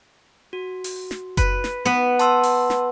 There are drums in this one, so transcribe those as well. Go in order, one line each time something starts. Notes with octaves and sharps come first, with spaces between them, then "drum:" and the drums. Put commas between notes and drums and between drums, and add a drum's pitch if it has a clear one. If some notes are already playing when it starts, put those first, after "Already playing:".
F#4
drum: open hi-hat
drum: snare
B4, drum: kick F#1, hi-hat
drum: snare
B3 B4
A5 C6 E6, drum: hi-hat
drum: open hi-hat
drum: snare